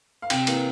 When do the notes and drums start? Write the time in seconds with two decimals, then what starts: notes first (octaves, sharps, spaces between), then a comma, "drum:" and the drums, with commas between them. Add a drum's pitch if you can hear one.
0.22 F5
0.30 C3 G5, drum: cymbal
0.47 E3 A#3, drum: cymbal